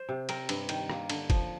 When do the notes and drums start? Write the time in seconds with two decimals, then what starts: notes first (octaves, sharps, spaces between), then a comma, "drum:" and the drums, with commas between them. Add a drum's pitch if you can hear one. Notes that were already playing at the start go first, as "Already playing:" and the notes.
Already playing: C5
0.09 C3
0.29 C4 A#4, drum: cymbal
0.49 G2, drum: cymbal
0.69 D#3, drum: cymbal
0.90 A#3, drum: rim click
1.10 D3, drum: cymbal
1.30 F3, drum: kick F#1, cymbal